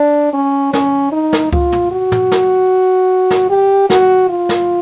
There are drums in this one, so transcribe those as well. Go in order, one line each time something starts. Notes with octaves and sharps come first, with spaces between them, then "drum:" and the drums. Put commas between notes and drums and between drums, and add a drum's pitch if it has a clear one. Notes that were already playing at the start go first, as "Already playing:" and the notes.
Already playing: D4
C#4
C#4, drum: snare
D#4
drum: snare
F4, drum: kick C#2
drum: tom
F#4
drum: tom
drum: snare
drum: snare
G4
F#4, drum: snare
F4
drum: snare